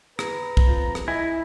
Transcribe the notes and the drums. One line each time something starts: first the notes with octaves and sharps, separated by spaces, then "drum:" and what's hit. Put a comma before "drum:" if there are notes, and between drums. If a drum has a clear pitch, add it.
B4 A#5, drum: rim click
drum: kick
F2 F3
drum: rim click
E4 D#5 G#5